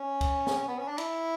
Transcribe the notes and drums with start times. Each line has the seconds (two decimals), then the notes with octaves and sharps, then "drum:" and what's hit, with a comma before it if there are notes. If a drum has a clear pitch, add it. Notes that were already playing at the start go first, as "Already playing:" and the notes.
Already playing: C#4
0.21 drum: kick, cymbal
0.47 drum: snare
0.68 B3
0.78 C#4
0.88 D4
0.98 E4, drum: cymbal